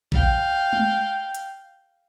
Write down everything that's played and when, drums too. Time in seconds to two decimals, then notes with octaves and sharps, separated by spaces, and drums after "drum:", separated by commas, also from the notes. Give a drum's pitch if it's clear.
0.12 F5 G5, drum: kick A1
0.73 drum: tom G#3
1.35 drum: hi-hat